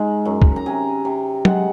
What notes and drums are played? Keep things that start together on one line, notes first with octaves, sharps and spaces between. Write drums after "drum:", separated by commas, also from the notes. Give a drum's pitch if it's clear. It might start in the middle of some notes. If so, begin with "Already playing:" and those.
Already playing: G#2 G#3 A#5
F#2
drum: kick
A#5
C3 G#5
C3
G#3 F#5, drum: tom F#3